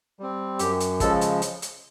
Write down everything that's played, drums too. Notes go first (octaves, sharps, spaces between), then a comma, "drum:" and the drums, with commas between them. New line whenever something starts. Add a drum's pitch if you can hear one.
G3 C4
F#2 G4, drum: hi-hat
drum: hi-hat
C#3 F3 G#3 A4, drum: kick, hi-hat
drum: hi-hat
drum: hi-hat
drum: hi-hat